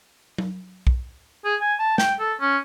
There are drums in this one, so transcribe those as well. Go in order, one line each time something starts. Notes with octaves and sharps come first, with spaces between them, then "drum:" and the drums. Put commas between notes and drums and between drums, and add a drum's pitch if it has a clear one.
drum: tom F#3
drum: kick B1
G#4
G#5
A5
G5, drum: snare
A4
C#4